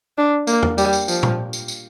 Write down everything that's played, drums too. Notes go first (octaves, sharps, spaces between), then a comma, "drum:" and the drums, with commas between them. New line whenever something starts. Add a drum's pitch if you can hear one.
D4
A#3, drum: tambourine
drum: tom E2
G3, drum: tambourine
drum: tambourine
F3, drum: tambourine
drum: tom A#2
drum: tambourine
drum: tambourine